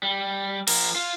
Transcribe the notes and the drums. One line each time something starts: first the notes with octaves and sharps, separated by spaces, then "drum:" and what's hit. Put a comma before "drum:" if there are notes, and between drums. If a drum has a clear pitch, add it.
G3
F3 A#4, drum: cymbal
F4